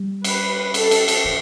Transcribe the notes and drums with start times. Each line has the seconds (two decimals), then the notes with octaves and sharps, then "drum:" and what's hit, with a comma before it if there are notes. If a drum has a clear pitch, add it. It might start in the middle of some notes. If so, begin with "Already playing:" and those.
Already playing: G3
0.24 B4, drum: cymbal
0.74 A4, drum: cymbal
0.91 drum: cymbal
1.08 drum: cymbal
1.24 E3